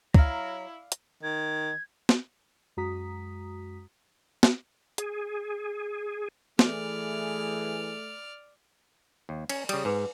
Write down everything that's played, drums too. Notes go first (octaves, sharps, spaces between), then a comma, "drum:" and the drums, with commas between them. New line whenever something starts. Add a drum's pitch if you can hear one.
F#3 E4 D5 F5 A#5, drum: kick
drum: hi-hat
D#3 G#6
drum: snare
F#2 G#3 F#4 A#5 D#6 B6
drum: snare
G#4, drum: hi-hat
E3 A3 G#4 D5 F6, drum: snare
D#2
C#4, drum: cymbal
C#3 G3 D#6, drum: cymbal
G#2 B4 D6